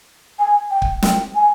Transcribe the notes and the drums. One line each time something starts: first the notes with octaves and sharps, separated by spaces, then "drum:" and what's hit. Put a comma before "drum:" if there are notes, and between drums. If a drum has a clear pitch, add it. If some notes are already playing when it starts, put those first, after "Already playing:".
G#5
G5
drum: kick
G5, drum: snare
G#5